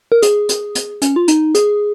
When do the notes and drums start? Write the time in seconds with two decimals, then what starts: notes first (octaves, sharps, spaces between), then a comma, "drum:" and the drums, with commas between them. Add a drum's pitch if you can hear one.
0.12 A#4
0.22 G#4, drum: hi-hat
0.49 drum: hi-hat
0.75 drum: hi-hat
1.02 C#4, drum: hi-hat
1.16 F4
1.28 D#4, drum: hi-hat
1.55 G#4, drum: hi-hat